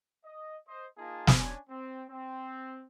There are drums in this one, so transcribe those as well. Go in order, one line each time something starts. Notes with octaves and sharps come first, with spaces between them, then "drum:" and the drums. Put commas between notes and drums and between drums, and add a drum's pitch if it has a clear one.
D#5
C5 D#5
A#3 D#4 F4 G#4 A5
drum: snare
C#4 D4 C#5 G#5
C4
C4